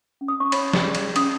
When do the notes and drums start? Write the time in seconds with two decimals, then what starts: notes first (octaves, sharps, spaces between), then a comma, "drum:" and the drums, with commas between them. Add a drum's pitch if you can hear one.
0.21 C#4
0.28 D#6
0.40 C#6
0.52 C#5 B5, drum: cymbal
0.74 drum: snare
0.83 G#4
0.95 drum: cymbal
1.16 C#4 D#6, drum: cymbal